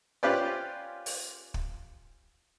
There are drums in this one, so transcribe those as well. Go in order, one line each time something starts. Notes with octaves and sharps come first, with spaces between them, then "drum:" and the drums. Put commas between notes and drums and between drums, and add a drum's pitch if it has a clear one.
C#4 F4 G4 B4 C5 D5
drum: open hi-hat
drum: kick